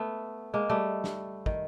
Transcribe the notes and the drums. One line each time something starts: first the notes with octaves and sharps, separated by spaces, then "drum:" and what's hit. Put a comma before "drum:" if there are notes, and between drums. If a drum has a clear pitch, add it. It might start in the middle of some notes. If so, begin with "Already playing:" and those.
Already playing: A3 B3
G#3 A#3
G3 A3
drum: snare
D#3, drum: kick